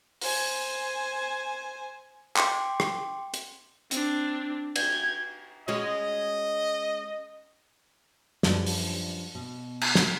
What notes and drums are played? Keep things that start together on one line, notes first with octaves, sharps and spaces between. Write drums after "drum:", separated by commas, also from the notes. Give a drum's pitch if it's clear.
C5 G#5, drum: open hi-hat
G5 C6 D6, drum: clap
drum: rim click
drum: hi-hat
C4 D4, drum: hi-hat
G6 G#6, drum: cymbal
G#3 C#4 F#4 D#5
F#2 F3 G3 D4 B4, drum: snare
drum: open hi-hat
B2
drum: cymbal
drum: snare